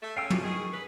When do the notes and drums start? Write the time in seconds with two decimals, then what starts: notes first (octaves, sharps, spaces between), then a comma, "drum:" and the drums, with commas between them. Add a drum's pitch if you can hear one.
0.03 A3
0.17 G#3 A3 C#4 F5 G5 E6
0.30 E3 F4 F#4, drum: tom
0.43 D#3 G#4 C#6
0.73 C#4 G#4 B4